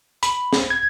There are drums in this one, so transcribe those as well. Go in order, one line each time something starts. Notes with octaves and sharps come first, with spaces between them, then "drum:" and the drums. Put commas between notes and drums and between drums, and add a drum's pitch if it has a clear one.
B5, drum: hi-hat
drum: snare
G#6